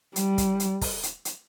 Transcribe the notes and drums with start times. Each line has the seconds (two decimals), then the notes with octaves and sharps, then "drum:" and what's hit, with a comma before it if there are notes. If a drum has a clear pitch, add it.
0.16 G3, drum: hi-hat
0.38 drum: kick, hi-hat
0.60 drum: hi-hat
0.81 drum: kick, open hi-hat
1.03 drum: hi-hat
1.25 drum: hi-hat